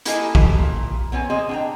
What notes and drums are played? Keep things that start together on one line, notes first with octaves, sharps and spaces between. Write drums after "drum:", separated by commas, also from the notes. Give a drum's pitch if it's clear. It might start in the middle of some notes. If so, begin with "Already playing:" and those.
A#3 E4 G4 A4 D#5 G#5, drum: hi-hat
drum: kick
A#2
B3 C4 C#5 G#5
A#2 C4 G#4 D#5
D4 G5 A#5